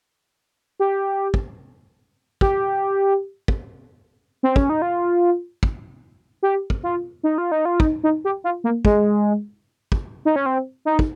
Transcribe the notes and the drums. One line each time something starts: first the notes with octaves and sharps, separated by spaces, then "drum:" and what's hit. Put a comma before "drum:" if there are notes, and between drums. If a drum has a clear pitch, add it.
G4
drum: kick
G4, drum: kick
drum: kick
C4
C#4, drum: kick
D#4
F4
drum: kick
G4
drum: kick
F4
D#4
F4
D#4
F4
D#4, drum: kick
D#4
G4
F4
A#3
G#3, drum: kick
drum: kick
D#4
C#4
C4
D#4
drum: kick